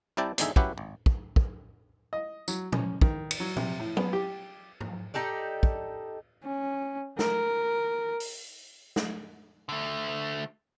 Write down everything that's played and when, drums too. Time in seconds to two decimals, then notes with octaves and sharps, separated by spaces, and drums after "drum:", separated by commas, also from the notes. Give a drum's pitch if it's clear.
0.17 C2 C3 E4 D5 G5 A5
0.38 G#1 E2 D3 D#4 G#4 E5, drum: hi-hat
0.56 F#3 C#4 E4 G4 B4 F#5, drum: kick
0.78 G#1
1.06 drum: kick
1.36 drum: kick
2.13 D#5
2.48 F#3, drum: tambourine
2.72 C#4, drum: tom A#2
3.01 D#3, drum: kick
3.31 drum: cymbal
3.40 F#3
3.57 C3, drum: tom A#2
3.79 A2
3.97 B3, drum: tom F#3
4.13 G4
4.81 drum: tom G#2
5.14 D#4 G4 A4 D5
5.63 drum: kick
6.44 C#4
7.19 A#4, drum: snare
8.20 drum: open hi-hat
8.96 drum: snare
9.69 D3 A3